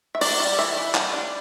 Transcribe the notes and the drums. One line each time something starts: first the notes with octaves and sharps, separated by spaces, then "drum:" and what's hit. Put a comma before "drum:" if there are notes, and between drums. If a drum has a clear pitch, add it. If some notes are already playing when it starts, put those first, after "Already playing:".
E5
D4 D5, drum: open hi-hat
G3
E3 E5
E3
G3, drum: clap
D4